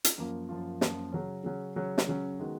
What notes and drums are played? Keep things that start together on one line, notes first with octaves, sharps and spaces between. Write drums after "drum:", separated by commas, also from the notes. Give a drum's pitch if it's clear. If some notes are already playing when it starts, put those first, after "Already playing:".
drum: hi-hat
F#2 F3 A#3 F4
F#2 F3 A#3 F4
F#2 F3 A#3 F4, drum: snare
C#3 F#3 C#4
C#3 F#3 C#4
C#3 F#3 C#4
drum: snare
C#3 F#3 C#4
D#3 G#3 B3 F#4